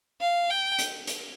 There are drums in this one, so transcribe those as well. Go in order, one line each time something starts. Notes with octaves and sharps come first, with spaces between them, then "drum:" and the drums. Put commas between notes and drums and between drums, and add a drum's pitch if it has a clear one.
F5
G5
drum: hi-hat
drum: hi-hat